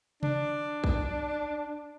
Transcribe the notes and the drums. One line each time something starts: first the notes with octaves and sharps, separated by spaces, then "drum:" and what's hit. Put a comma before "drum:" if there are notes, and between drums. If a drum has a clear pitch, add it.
D4, drum: tom C3
drum: kick A#1